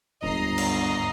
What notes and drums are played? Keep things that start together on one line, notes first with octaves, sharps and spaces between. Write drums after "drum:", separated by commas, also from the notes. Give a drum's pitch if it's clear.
G1 D#2 G#2 D#5 A#5 C7
drum: cymbal